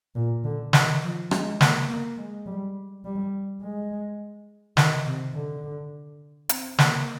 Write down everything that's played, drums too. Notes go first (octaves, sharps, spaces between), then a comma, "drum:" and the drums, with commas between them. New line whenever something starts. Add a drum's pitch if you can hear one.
A#2
D3
D#3, drum: snare
F3
G#3, drum: rim click
A#3, drum: snare
A#3
G#3
G3
G3
G#3
D#3, drum: snare
C3
D3
C4, drum: hi-hat
A#3, drum: snare